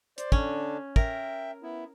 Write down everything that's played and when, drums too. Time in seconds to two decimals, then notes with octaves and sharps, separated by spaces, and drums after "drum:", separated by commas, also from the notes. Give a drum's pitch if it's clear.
0.18 C5 D5, drum: hi-hat
0.32 D3 C#4 D4, drum: kick
0.96 A#4 E5 G5, drum: kick
1.63 B3 E4